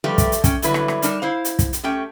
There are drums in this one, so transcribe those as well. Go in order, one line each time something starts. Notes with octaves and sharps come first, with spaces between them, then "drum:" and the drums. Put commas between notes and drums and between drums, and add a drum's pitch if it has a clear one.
F3 G3 A3 G4 B4
drum: kick, hi-hat
drum: hi-hat
C#4 G5, drum: kick, hi-hat
G2 D3 F#3 E4 B4, drum: hi-hat
drum: rim click
drum: rim click
G3 D4 D#4 A#4, drum: hi-hat
E4 C5 F5
drum: hi-hat
drum: kick, hi-hat
drum: hi-hat
A3 C#4 G4 G5